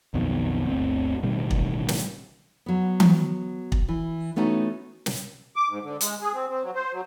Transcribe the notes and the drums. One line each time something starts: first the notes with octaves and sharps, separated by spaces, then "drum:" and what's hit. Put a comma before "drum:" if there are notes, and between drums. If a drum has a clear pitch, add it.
B1 F2 B2 D#3
G1 D2 C4
A1 B2 D#3 G3
drum: kick
drum: snare
F#3 B3
drum: tom E3
drum: kick
E3
A3 B3 C#4 D#4 F#4
drum: snare
D6
G#2
D3
G#3, drum: hi-hat
G#4
C4
C4
F#3
C5
F#3